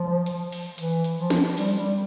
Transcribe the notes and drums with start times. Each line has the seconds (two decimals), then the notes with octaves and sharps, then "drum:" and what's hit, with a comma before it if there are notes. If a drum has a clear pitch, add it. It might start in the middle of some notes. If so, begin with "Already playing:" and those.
Already playing: F3
0.26 drum: hi-hat
0.52 drum: open hi-hat
0.78 E3, drum: hi-hat
1.04 drum: hi-hat
1.18 F3
1.30 drum: snare
1.57 G3, drum: open hi-hat
1.76 G3